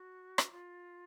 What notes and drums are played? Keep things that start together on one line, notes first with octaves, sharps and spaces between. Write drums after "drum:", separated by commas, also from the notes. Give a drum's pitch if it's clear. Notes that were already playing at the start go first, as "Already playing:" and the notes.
Already playing: F#4
drum: rim click
F4